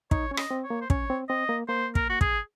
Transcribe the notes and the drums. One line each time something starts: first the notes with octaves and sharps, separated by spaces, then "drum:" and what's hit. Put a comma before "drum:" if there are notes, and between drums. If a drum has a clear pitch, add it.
D#4 C#5, drum: kick
C#4 C#5
D#5, drum: rim click
C4
C#5
A#3
C5
C#4 C#5, drum: kick
C4
C4 D#5
A#3
A#3 C5
A#4, drum: kick
F#4
G#4, drum: kick